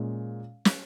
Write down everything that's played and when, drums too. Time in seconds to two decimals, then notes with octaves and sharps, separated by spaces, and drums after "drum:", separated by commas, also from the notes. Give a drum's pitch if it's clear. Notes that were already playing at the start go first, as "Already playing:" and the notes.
Already playing: A#2 G#3 C#4
0.65 drum: snare